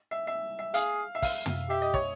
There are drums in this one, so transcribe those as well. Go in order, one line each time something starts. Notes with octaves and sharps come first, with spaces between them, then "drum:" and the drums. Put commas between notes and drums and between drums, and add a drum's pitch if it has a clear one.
E5
E5
E5
G#4 F5, drum: hi-hat
E5
F5, drum: kick, open hi-hat
drum: tom
G4 E5
D#5
C#5, drum: kick